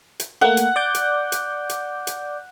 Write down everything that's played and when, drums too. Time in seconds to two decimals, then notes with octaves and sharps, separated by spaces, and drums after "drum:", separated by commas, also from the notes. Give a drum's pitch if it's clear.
0.20 drum: hi-hat
0.41 A3 A#3 F#5
0.57 drum: hi-hat
0.76 D5 D6 G6
0.95 drum: hi-hat
1.32 drum: hi-hat
1.70 drum: hi-hat
2.07 drum: hi-hat